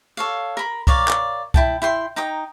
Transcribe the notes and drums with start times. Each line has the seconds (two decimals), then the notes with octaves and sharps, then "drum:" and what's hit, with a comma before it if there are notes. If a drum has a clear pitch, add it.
0.17 A4 C#5 F5
0.57 A#4 B5
0.87 A#4 C#5 D5 F5, drum: kick C2
1.08 drum: clap
1.54 E4 G5 A5, drum: kick C2
1.82 E4 G5 C6
2.16 D#4 G5 A#5 D#6